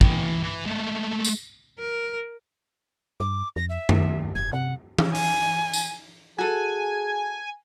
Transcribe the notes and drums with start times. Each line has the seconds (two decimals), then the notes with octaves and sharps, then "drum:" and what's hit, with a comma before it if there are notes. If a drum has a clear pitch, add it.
0.01 E3 G5, drum: kick
0.43 E3
0.66 G#3 A3
1.25 drum: tambourine
1.79 A#4
3.20 G2 D6
3.56 F2 A#6
3.69 E5
3.89 D#3, drum: tom F#2
4.35 F1 G#6
4.53 C3 F#5
4.99 drum: tom E3
5.14 G#5, drum: open hi-hat
5.73 drum: tambourine
6.38 F#4 G#4 A4 G#5